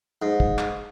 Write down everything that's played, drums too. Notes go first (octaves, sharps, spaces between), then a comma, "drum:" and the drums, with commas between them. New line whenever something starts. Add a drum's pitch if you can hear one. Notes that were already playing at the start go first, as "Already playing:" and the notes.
G#2
drum: kick
drum: clap